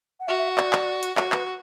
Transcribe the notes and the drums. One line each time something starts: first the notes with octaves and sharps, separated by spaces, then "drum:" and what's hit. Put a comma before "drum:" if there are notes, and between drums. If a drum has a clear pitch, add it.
F#5
F#4 E5
E5
F#5
D5, drum: clap
drum: clap
drum: hi-hat
F#4 C#5, drum: clap
B4, drum: clap